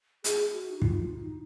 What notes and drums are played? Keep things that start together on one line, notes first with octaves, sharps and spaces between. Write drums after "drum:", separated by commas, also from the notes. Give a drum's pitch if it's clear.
G#4, drum: hi-hat
F#4
D#4
F4, drum: kick
D#4